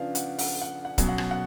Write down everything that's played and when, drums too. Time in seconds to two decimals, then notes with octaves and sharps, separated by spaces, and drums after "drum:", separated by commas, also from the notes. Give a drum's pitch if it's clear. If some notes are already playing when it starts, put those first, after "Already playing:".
Already playing: C#3 F3 B3 D4 D5 F5
0.15 F#5, drum: hi-hat
0.39 F#5, drum: open hi-hat
0.62 F#5
0.85 F#5
0.98 B2 F#3 C#4, drum: kick, hi-hat
1.08 F#5
1.18 drum: rim click
1.31 F#5